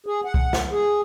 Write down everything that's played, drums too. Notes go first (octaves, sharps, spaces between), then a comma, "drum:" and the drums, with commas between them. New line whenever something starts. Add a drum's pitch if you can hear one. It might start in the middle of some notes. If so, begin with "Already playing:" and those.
G#4
F#5
drum: kick
drum: snare
G#4